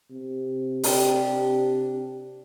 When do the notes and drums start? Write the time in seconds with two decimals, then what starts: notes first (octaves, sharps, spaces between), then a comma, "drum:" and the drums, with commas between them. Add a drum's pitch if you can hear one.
0.10 C3
0.84 D4 G4, drum: open hi-hat